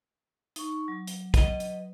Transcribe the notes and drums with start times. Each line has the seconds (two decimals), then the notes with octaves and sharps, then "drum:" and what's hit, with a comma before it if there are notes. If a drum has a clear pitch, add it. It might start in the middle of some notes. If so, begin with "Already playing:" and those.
0.56 D#4 C#6, drum: hi-hat
0.88 F#3
1.08 drum: hi-hat
1.34 B4 D#5, drum: kick, hi-hat
1.60 drum: hi-hat